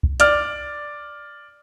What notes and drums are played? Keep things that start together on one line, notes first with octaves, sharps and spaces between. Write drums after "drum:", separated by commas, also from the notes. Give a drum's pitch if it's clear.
drum: kick
D5 F6, drum: hi-hat